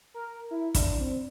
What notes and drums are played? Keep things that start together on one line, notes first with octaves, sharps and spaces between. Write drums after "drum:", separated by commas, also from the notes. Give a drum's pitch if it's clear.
A#4
E4
D4, drum: kick, hi-hat
C4